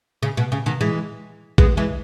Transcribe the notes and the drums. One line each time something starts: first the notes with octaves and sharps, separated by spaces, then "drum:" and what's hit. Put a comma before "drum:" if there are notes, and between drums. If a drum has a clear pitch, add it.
C#3
B2
C#3
B2 D#3
E3 G#3
G#3 B3, drum: kick A1
E3 G#3